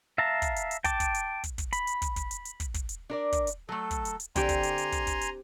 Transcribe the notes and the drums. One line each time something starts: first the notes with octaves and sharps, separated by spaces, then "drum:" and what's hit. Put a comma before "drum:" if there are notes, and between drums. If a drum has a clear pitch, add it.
E5 F5 A5 A#5
drum: kick, hi-hat
drum: hi-hat
drum: hi-hat
G5 A5 D6, drum: kick, hi-hat
drum: kick, hi-hat
drum: hi-hat
drum: kick, hi-hat
drum: kick, hi-hat
B5, drum: hi-hat
drum: hi-hat
drum: kick, hi-hat
drum: kick, hi-hat
drum: hi-hat
drum: hi-hat
drum: kick, hi-hat
drum: kick, hi-hat
drum: hi-hat
D4 A#4 D5
drum: kick, hi-hat
drum: hi-hat
F#3 A3 A4
drum: kick, hi-hat
drum: hi-hat
drum: hi-hat
D3 C4 G4 G#5 A#5 C6, drum: kick, hi-hat
drum: kick, hi-hat
drum: hi-hat
drum: hi-hat
drum: kick, hi-hat
drum: kick, hi-hat
drum: hi-hat